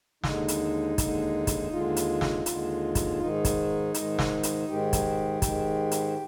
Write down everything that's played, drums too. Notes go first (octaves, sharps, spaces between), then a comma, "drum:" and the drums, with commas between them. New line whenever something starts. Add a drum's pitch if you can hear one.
D#2 D3 G#3 D#4, drum: snare
drum: hi-hat
D#2 D3 G#3, drum: kick, hi-hat
drum: kick, hi-hat
D#2 D3 G#3 F4
drum: hi-hat
drum: snare
D#2 D3 G#3, drum: hi-hat
drum: kick, hi-hat
G#2 D#3 G#3 D#4
drum: kick, hi-hat
G#2 D#3 G#3, drum: hi-hat
drum: snare
drum: hi-hat
G#2 D#3 G#3 G4
drum: kick, hi-hat
G#2 D#3 G#3, drum: kick, hi-hat
drum: hi-hat